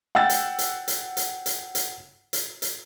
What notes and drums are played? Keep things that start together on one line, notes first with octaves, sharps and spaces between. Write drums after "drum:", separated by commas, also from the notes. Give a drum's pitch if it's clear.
F#5 G5 E6 A6
drum: hi-hat
drum: hi-hat
drum: hi-hat
drum: hi-hat
drum: hi-hat
drum: hi-hat
drum: hi-hat
drum: hi-hat